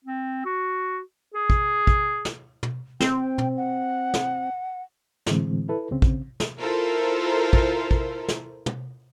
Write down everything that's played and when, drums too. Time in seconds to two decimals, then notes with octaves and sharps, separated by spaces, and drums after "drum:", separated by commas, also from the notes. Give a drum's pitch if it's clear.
0.04 C4
0.45 F#4
1.34 G#4
1.50 drum: kick
1.87 drum: kick
2.25 drum: snare
2.63 drum: tom
3.00 C4 G5, drum: snare
3.38 drum: tom
3.57 F#5
4.14 drum: snare
5.26 A2 D3 E3 G#3 C4, drum: snare
5.69 E4 A4 B4
5.91 C#2 C#3 C4
6.02 drum: kick
6.40 drum: snare
6.59 E4 F4 A4 A#4 C5
7.53 drum: kick
7.91 drum: kick
8.28 drum: snare
8.66 drum: tom